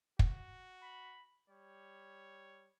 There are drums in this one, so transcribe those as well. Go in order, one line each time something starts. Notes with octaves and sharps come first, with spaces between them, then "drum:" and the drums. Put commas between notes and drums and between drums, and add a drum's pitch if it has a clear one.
F#4, drum: kick
B5
G3 C#5